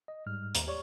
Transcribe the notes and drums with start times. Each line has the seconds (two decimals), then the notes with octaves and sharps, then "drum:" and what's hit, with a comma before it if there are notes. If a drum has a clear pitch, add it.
0.08 D#5
0.26 G#2 G3 F6
0.55 D#2, drum: hi-hat
0.67 G4 C#5 D5 C#6